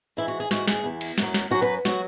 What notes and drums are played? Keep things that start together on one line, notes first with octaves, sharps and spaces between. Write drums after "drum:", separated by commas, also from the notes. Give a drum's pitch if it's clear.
G#2 E3 E4
F#4
G#4
G#2 E3 F#4, drum: snare
G#4, drum: snare
E2 E3
drum: cymbal
F#2 F#3, drum: snare
drum: snare
F#2 F#3 F#4
B4
F#3 F#4, drum: snare